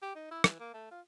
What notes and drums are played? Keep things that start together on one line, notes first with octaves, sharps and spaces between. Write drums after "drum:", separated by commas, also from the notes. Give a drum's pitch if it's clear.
G4
D#4
E4
E3, drum: rim click
A#3
A3
F4